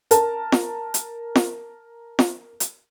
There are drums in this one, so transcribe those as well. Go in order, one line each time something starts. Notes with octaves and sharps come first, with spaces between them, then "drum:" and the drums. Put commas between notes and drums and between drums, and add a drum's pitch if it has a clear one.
A#4 A5, drum: hi-hat
drum: snare
drum: hi-hat
drum: snare
drum: snare
drum: hi-hat